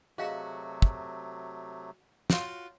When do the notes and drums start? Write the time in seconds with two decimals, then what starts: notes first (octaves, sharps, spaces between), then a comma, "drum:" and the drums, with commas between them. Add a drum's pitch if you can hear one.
0.18 C3 F#3 A3 F#4 G#4 D#5 F5
0.82 drum: kick
2.30 F4 F#4 C#5, drum: snare